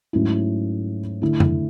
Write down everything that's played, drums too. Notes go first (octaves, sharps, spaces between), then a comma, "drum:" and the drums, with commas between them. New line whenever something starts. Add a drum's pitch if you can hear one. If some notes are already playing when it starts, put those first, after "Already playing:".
G#2 F#3 A3 C#4 E4
D3 A3 E4
drum: tom F2